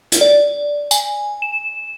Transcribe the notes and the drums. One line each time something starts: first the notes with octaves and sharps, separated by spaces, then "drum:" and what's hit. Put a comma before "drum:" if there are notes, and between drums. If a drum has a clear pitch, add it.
drum: hi-hat
D5
G#5, drum: tambourine
E7